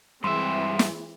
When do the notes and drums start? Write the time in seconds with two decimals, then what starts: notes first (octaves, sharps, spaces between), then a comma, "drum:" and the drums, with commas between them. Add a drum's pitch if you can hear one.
0.24 G2 E3 G#3 C4 E5 C6
0.79 drum: snare